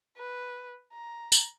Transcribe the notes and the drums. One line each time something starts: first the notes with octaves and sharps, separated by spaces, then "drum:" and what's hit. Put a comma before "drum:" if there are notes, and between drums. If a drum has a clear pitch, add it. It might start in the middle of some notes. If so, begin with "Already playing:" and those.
B4
A#5
drum: tambourine